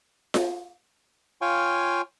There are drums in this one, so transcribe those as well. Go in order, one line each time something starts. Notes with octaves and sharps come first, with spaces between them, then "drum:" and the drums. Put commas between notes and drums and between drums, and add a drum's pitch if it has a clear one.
drum: snare F4
F4 C#5 F5 G5 G#5 C#6